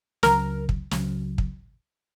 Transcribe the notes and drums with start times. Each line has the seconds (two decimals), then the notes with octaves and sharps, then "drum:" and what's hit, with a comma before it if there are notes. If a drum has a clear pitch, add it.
0.23 C#2 C#3 F#3 A#4, drum: snare
0.69 drum: kick
0.91 C#2 C#3 F#3, drum: snare
1.38 drum: kick